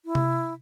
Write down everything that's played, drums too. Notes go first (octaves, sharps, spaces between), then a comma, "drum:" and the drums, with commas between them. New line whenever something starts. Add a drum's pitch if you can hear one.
E4
drum: tom C3